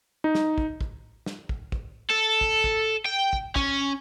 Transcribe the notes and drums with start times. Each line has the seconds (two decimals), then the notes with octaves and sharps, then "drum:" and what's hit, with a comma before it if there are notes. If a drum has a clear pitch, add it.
0.24 D#4
0.35 drum: snare
0.58 drum: kick
0.81 drum: kick
1.26 drum: snare
1.49 drum: kick
1.72 drum: kick
2.11 A4
2.41 drum: kick
2.64 drum: kick
3.05 G5
3.33 drum: kick
3.56 C#4, drum: kick